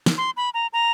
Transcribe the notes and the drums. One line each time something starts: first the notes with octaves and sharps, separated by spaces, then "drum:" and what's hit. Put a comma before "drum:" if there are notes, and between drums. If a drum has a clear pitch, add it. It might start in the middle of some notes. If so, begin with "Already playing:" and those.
drum: snare
C6
B5
A#5
A#5